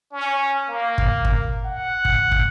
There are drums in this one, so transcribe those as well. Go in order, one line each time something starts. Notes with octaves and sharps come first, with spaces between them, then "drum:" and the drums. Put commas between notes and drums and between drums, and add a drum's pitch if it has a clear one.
C#4
A#3
drum: kick
drum: kick
F#5
drum: kick
drum: kick